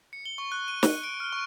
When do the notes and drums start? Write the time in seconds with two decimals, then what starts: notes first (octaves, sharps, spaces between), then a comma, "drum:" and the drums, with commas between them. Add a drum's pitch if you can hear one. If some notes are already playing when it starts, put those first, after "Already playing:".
0.13 C#7
0.26 G7
0.38 C#6
0.52 F#6
0.68 D#7
0.83 F#6, drum: snare
1.03 D7
1.20 F6
1.33 C#6